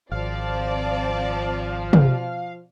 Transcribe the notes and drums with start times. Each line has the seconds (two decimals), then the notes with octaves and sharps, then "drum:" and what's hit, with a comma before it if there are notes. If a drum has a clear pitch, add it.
0.12 G#1 F3 C4 D5 F5 A5
1.93 drum: tom